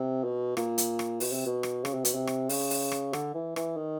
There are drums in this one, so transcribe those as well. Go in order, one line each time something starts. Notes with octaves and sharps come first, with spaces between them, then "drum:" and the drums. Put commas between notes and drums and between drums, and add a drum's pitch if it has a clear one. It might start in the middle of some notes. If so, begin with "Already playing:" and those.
Already playing: C3
B2
A#2, drum: rim click
drum: hi-hat
drum: rim click
B2, drum: open hi-hat
C3
B2
drum: rim click
C#3, drum: rim click
C3
B2, drum: hi-hat
C3
drum: rim click
C#3, drum: open hi-hat
drum: open hi-hat
drum: rim click
D3, drum: rim click
E3
E3, drum: rim click
D#3